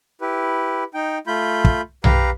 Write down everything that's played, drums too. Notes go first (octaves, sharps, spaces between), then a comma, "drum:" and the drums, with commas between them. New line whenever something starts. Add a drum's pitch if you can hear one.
E4 G4 B4
D#4 G5
A3 F4 B5 G6
drum: kick
G4 B4 F5 A#5, drum: tom B1